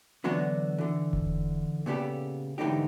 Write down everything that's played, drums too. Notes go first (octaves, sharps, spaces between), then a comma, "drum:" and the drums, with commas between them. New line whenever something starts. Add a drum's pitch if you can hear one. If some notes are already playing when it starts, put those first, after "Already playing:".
D3 E3 F#3 B3 D4 F#4
D3 E3
drum: kick E1
A#2 C#3 B3 G4 A4
G#2 D3 E3 A3 D#4 G4